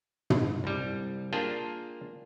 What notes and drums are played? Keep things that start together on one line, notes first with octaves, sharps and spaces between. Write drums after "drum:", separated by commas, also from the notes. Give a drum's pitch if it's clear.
drum: tom
C2 G3
A#3 D4 F4 G#4 G5 A5